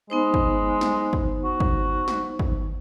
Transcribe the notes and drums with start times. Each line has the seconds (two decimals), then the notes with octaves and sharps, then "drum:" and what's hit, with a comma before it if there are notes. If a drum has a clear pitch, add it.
0.10 G#3 B3 D#4 C5
0.34 drum: kick
0.81 drum: snare
1.13 drum: kick
1.45 F#4
1.60 drum: kick
2.08 drum: snare
2.39 drum: kick